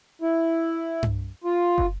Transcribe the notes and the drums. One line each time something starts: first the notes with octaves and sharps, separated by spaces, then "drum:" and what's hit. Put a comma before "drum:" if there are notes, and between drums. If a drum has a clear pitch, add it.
E4
drum: tom G2
F4
drum: kick